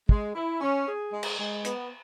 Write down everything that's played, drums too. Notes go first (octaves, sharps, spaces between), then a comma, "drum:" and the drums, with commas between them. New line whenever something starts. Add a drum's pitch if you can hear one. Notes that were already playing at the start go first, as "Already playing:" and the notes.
G#3, drum: kick
E4
C#4
G#4
G#3
drum: cymbal
G#3
B3, drum: hi-hat